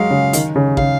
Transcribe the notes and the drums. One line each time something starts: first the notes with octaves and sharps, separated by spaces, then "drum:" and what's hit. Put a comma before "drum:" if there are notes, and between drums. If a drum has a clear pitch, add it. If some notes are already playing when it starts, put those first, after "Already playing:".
Already playing: F#3 G#3 F5
C#3
D#3, drum: hi-hat
C#3
C#3 F5, drum: kick